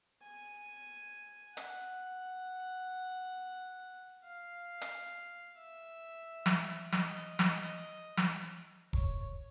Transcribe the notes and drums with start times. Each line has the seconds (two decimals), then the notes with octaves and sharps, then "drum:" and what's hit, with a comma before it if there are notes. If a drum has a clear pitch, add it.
0.23 G#5
1.57 F#5, drum: hi-hat
4.24 F5
4.81 drum: hi-hat
5.58 E5
6.46 drum: snare
6.93 D#5, drum: snare
7.39 drum: snare
8.17 drum: snare
8.93 C#5, drum: kick E1